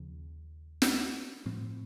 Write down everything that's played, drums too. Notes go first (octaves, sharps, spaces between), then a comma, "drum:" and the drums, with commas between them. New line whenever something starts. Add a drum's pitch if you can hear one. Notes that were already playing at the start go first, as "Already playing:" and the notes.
Already playing: D#2 C#3 F3
drum: snare
A2 F3 C4